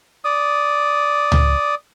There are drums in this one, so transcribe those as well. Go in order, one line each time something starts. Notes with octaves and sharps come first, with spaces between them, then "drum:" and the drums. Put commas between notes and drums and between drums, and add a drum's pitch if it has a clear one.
D5 D#6
drum: tom C#2